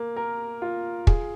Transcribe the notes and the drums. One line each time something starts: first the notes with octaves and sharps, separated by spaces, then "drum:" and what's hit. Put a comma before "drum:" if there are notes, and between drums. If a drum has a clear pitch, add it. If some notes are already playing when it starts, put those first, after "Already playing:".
Already playing: A#3
A#4
F4
G#4, drum: kick